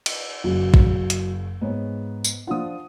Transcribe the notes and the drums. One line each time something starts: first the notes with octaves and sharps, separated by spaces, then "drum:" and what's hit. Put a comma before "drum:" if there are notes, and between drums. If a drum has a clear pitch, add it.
drum: cymbal
F#1 C#3 F#3
drum: kick
drum: hi-hat
G#2 B3 G#4 C#5
drum: tambourine
F3 D4 F4 F#5 D#6